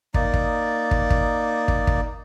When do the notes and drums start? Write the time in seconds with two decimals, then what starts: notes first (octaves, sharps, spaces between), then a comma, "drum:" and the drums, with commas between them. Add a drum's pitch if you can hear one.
0.14 A#3 D#4 D5, drum: kick
0.34 drum: kick
0.91 drum: kick
1.10 drum: kick
1.68 drum: kick
1.87 drum: kick